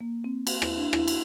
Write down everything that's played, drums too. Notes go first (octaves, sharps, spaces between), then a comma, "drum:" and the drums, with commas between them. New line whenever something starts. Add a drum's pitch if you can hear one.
A#3
C4
drum: cymbal
E4, drum: rim click
D4
E4, drum: rim click
drum: cymbal